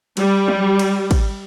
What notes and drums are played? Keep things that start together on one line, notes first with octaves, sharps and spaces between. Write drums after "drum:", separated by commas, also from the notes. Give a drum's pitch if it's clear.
G3, drum: cymbal
drum: tom
drum: cymbal
drum: kick, cymbal